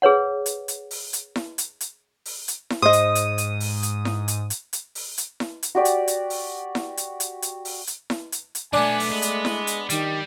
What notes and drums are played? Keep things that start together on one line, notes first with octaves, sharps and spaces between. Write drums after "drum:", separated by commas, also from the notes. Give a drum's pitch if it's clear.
G#4 B4 C#5 F#5
drum: hi-hat
drum: hi-hat
drum: open hi-hat
drum: hi-hat
drum: snare E4
drum: hi-hat
drum: hi-hat
drum: open hi-hat
drum: hi-hat
drum: snare E4
G#2 C5 D#5 D#6
drum: hi-hat
drum: hi-hat
drum: hi-hat
drum: open hi-hat
drum: hi-hat
drum: snare E4
drum: hi-hat
drum: hi-hat
drum: hi-hat
drum: open hi-hat
drum: hi-hat
drum: snare E4
drum: hi-hat
F#4 G4 D5
drum: hi-hat
drum: hi-hat
drum: open hi-hat
drum: snare E4
drum: hi-hat
drum: hi-hat
drum: hi-hat
drum: open hi-hat
drum: hi-hat
drum: snare E4
drum: hi-hat
drum: hi-hat
B1 A3 B3 D4 G#5
drum: open hi-hat
G#3 B3
drum: hi-hat
drum: snare E4
drum: hi-hat
D#3 G3 G4, drum: hi-hat